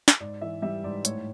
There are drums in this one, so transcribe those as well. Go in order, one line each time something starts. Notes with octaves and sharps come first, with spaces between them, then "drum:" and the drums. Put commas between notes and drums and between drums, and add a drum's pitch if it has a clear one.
drum: snare
G#2 D5
E3 E5
G3 E5
G#2 D5
A2 C#5, drum: hi-hat